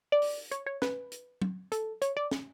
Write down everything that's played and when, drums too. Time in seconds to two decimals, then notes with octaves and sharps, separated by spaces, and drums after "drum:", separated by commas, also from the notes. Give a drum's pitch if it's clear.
0.12 D5
0.22 drum: open hi-hat
0.51 C#5, drum: hi-hat
0.66 C#5
0.82 B4, drum: snare
1.12 drum: hi-hat
1.42 drum: tom
1.72 A4, drum: hi-hat
2.02 C#5, drum: hi-hat
2.17 D5
2.31 drum: snare